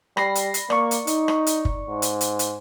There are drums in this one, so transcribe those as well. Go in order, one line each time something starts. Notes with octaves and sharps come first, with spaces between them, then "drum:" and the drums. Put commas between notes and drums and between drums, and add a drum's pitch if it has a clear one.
G3 B5 A#6 C7, drum: rim click
drum: hi-hat
drum: hi-hat
A#3 D5 C#6, drum: rim click
drum: hi-hat
D#4, drum: hi-hat
drum: rim click
drum: hi-hat
drum: kick
G#2
drum: hi-hat
drum: hi-hat
drum: hi-hat